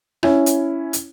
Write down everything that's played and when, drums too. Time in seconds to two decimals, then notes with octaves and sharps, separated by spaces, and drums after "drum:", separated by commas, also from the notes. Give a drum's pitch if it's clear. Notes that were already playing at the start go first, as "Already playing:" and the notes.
0.23 C#4 E4, drum: rim click
0.46 drum: hi-hat
0.93 drum: hi-hat